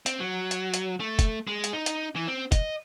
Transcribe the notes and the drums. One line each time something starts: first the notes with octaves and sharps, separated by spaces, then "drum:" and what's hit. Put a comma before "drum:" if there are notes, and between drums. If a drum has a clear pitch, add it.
C4, drum: hi-hat
F#3
drum: hi-hat
drum: hi-hat
A3
drum: kick, hi-hat
G#3
drum: hi-hat
D#4
drum: hi-hat
E3
C4
D#5, drum: kick, hi-hat